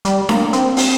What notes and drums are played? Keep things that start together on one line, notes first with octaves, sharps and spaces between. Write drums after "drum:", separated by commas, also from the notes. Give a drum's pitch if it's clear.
G3, drum: hi-hat
A#3, drum: snare D4
C4, drum: hi-hat
drum: open hi-hat